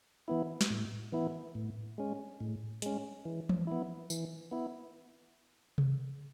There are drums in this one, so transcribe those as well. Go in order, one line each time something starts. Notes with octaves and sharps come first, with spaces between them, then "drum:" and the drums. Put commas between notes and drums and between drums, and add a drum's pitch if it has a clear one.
E3 B3 E4
drum: snare
A2
E3 B3 E4
A2
G#3 C#4
A2
G#3 C#4, drum: hi-hat
E3
drum: tom E3
B3 E4
E3, drum: tambourine
B3 E4
drum: tom C3